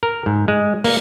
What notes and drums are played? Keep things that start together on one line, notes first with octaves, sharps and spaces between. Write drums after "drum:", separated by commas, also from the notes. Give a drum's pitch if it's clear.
A#4
G#2
G#3
A#3, drum: open hi-hat